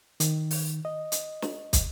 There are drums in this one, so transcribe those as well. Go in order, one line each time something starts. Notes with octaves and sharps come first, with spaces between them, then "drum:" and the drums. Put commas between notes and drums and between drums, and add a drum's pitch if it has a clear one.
D#3, drum: hi-hat
drum: open hi-hat
D#5
drum: hi-hat
drum: snare
drum: kick, hi-hat